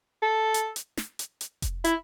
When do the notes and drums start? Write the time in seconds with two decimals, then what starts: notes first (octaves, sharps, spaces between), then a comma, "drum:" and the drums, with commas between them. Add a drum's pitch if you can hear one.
0.22 A4
0.54 drum: hi-hat
0.76 drum: hi-hat
0.97 drum: snare
1.19 drum: hi-hat
1.41 drum: hi-hat
1.62 drum: kick F1, hi-hat
1.84 E4, drum: hi-hat